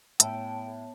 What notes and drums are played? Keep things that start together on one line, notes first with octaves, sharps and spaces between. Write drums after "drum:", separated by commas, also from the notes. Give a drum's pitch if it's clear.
A2 B3 A4 C#5 G5 A5, drum: hi-hat